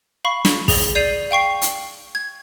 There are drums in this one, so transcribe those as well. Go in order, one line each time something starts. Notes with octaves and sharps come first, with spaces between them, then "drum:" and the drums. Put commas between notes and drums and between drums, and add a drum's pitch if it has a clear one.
F5 B5 C#6
drum: snare
G#4 F#7, drum: kick, open hi-hat
D5 G6 C7 D#7 F7
F5 G5 C#6 C7
drum: hi-hat
G#6